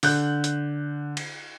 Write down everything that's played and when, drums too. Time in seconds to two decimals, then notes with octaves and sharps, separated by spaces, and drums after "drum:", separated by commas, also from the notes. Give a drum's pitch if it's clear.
0.03 D3 F#6 G6, drum: open hi-hat
0.44 drum: hi-hat
1.17 drum: cymbal